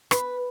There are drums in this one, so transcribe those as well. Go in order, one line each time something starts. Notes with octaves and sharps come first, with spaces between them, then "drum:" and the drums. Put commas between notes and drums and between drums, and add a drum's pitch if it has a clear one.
B4, drum: rim click